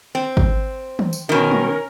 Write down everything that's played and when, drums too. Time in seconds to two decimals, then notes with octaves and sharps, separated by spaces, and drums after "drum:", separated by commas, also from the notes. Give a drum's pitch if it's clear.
0.15 C4
0.37 drum: kick
0.99 drum: tom
1.13 drum: tambourine
1.29 B2 D#3 C#4 A#4
1.51 drum: tom